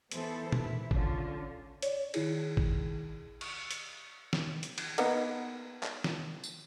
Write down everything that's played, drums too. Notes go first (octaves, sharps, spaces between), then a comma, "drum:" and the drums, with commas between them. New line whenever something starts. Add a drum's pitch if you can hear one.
E3 B3 E4 A4 C5, drum: hi-hat
E4, drum: tom A#2
D3 C#4 F4, drum: kick A1
C#5 D5, drum: hi-hat
D#3 E4 G#4, drum: cymbal
drum: kick A1
C#6, drum: cymbal
drum: hi-hat
drum: snare
drum: hi-hat
drum: cymbal
A#3 B3 D#4, drum: cymbal
drum: clap
drum: snare
drum: tambourine